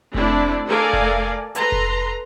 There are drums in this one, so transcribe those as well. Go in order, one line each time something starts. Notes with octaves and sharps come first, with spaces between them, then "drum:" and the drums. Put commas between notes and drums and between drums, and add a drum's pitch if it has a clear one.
A3 C4 D4 E4 D5, drum: kick F1
A3 A4 A#4 D5 F5 G#5
drum: kick F1
A4 B4 A#5 C6, drum: hi-hat
drum: kick F1